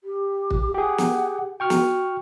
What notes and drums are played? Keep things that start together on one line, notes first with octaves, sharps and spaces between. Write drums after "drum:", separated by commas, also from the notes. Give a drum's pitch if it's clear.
G4
drum: kick
G4 G#4 F#5
drum: snare
F#4 G5 C#6 F6
drum: snare